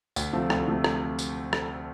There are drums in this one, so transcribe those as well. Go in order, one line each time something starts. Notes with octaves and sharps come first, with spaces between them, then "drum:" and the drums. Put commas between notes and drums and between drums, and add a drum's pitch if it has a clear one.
D2, drum: tambourine
C3 F3 A3
D2, drum: rim click
C3 F3 A3
drum: rim click
drum: tambourine
drum: rim click